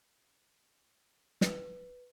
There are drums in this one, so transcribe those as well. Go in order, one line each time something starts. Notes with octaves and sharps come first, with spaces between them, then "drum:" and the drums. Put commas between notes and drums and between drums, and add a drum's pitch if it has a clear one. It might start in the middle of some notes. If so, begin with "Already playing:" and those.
B4, drum: snare